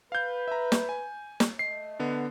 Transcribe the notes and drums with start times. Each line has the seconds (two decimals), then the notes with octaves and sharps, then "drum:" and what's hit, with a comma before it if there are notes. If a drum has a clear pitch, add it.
0.12 B4 F5 G6
0.48 E5 A#5
0.72 drum: snare
0.89 G#5
1.40 drum: snare
1.59 A3 D#5 C7
1.99 D3 B3